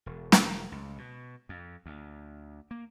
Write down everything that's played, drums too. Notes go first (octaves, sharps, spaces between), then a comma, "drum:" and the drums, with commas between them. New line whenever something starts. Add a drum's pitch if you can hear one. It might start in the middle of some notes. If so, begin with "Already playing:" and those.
E1
drum: snare
C#2
B2
F2
D2
A#3